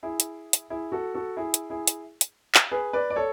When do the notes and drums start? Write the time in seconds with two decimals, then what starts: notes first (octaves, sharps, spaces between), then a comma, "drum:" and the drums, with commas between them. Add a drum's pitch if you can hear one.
0.03 E4 G#4
0.20 drum: hi-hat
0.53 drum: hi-hat
0.70 E4 G#4
0.92 F#4 A4
1.14 F#4 A4
1.37 E4 G#4
1.54 drum: hi-hat
1.70 E4 G#4
1.87 drum: hi-hat
2.21 drum: hi-hat
2.55 drum: clap
2.71 G#4 B4
2.93 B4 D5
3.10 D5
3.16 A4 C#5